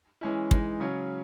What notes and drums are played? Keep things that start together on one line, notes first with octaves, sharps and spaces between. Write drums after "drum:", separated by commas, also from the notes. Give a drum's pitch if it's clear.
E3 G#3 C#4 E4
E3 G#3 D#4, drum: kick
C#3 F#3 C#4